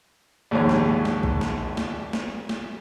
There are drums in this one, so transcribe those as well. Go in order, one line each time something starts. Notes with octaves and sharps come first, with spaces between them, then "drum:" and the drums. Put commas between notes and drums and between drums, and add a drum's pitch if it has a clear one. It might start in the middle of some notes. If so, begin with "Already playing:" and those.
A#1 D#2 G#2 C#5 A#5
drum: snare
drum: snare
drum: kick A#1
drum: snare
drum: snare
drum: snare
drum: snare